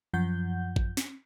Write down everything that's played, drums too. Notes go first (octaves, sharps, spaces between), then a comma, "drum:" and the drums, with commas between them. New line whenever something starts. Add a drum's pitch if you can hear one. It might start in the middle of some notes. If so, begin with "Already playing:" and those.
F#2 F3 F#5 G6
drum: kick A1
drum: snare